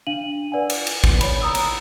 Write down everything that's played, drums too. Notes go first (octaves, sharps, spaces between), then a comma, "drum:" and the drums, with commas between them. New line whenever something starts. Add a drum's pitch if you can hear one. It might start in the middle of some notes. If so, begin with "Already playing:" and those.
D4 F5 D#7 F#7
B4 D5 F#5 G#5
drum: cymbal
drum: cymbal
drum: kick
C#5 B5, drum: cymbal
A#5 D#6 E6
drum: cymbal